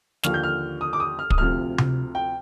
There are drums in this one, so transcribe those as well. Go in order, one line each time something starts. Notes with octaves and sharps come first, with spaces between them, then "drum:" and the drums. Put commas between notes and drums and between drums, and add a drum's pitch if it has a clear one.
D#2 D3 F3 F6, drum: snare
G6
F6
D#6
D6
D#6
F6
D#6, drum: kick
D2 C3 F3 F6
drum: tom C3
G5